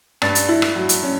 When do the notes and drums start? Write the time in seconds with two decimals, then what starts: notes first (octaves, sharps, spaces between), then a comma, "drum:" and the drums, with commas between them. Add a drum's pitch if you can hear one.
0.22 G2 A6, drum: rim click
0.35 drum: hi-hat
0.49 E4
0.62 drum: rim click
0.76 F#3
0.89 drum: hi-hat
1.03 C#4